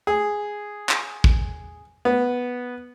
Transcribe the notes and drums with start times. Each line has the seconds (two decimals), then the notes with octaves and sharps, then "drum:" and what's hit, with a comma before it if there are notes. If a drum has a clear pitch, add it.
0.07 G#4
0.89 drum: clap
1.24 drum: kick
2.05 B3